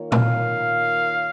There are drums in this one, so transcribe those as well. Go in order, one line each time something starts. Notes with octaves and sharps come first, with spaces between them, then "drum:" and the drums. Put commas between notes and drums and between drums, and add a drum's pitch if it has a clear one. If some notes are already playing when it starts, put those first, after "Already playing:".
Already playing: D#3 A#3 F4 A#4 C#5
F5, drum: tom A#2